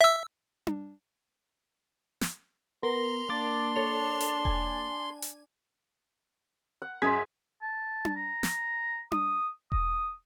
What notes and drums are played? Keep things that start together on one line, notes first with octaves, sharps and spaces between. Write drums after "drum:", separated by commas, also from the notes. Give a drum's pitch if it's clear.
E5 E6
drum: tom D4
drum: snare
B3 A#4 C6
A#3 D4 D6 A6
A4 C#5 F7
drum: hi-hat
G#5, drum: kick E1
drum: hi-hat
F#5
F#2 G#4 D#5 C6 G#6 B6
A5
drum: tom D4
A#5
drum: snare
D#6, drum: tom D4
D#6, drum: kick E1